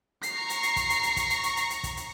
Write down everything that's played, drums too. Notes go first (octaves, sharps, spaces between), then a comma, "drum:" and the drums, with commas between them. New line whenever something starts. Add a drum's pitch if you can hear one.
A#5 C#6 C7, drum: hi-hat
drum: hi-hat
drum: hi-hat
drum: kick, hi-hat
drum: hi-hat
drum: hi-hat
drum: kick, hi-hat
drum: hi-hat
drum: hi-hat
drum: hi-hat
drum: hi-hat
drum: kick, hi-hat
drum: hi-hat